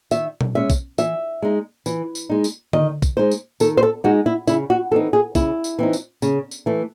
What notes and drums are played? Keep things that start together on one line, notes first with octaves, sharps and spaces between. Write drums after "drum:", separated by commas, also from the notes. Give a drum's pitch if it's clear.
D#3 E5, drum: tambourine
drum: tom B2
G#3 C#4 E5
drum: kick, tambourine
E3 E5, drum: tambourine
G#3 D#4
E3, drum: tambourine
drum: tambourine
G#3 D#4
drum: tambourine
D#3 D#5, drum: tom D3
drum: kick, tambourine
G#3 D#4 C5
drum: tambourine
D#3 A4, drum: tambourine
C5
A4
G#3 D#4 F#4
E4
C#3 E4, drum: tambourine
F#4
E3 C4 D#4 A4
G#4
C#3 E4, drum: kick, tambourine
drum: tambourine
E3 C4 D#4
drum: tambourine
C#3, drum: tambourine
drum: tambourine
E3 A3